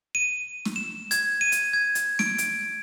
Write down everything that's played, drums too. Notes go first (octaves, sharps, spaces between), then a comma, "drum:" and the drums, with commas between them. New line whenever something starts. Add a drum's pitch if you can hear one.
D#7
drum: snare
E7
G#6, drum: hi-hat
D#7
drum: hi-hat
G#6
drum: hi-hat
D7, drum: snare
drum: hi-hat